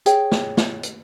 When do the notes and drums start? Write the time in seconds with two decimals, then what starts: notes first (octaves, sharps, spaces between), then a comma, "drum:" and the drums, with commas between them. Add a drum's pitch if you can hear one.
0.06 G#4 C#5 G5, drum: hi-hat
0.32 drum: snare
0.57 drum: snare
0.83 drum: hi-hat